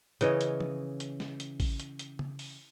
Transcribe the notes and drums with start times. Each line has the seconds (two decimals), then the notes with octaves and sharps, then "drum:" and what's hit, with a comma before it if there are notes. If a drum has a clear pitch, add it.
0.21 C#3 E3 C#5 D#5, drum: hi-hat
0.41 drum: hi-hat
0.60 drum: tom
1.00 drum: hi-hat
1.20 drum: snare
1.40 drum: hi-hat
1.60 drum: kick A1, open hi-hat
1.80 drum: hi-hat
1.99 drum: hi-hat
2.19 drum: tom
2.39 drum: open hi-hat